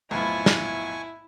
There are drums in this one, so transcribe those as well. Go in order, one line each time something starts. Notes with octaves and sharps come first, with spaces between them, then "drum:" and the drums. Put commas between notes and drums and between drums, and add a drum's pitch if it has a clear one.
B1 F2 A2 F3 B3 E4 G#5 C#6
drum: snare